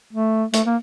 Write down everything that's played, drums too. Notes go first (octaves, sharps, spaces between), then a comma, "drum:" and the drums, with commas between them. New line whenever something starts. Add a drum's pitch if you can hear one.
A3
A3, drum: hi-hat
A#3